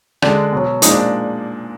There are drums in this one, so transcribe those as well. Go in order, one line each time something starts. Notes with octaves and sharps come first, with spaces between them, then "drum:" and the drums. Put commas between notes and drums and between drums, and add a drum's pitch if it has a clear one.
D3 G#3 D4, drum: rim click
B2 F#3
A#2 F3 G#3 D#4, drum: hi-hat
D4